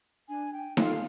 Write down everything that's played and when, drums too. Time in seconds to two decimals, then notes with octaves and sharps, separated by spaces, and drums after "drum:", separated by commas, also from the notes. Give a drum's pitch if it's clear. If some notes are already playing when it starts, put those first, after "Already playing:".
0.29 D4 G#5
0.53 G5
0.77 F4 A4 F5, drum: snare D#4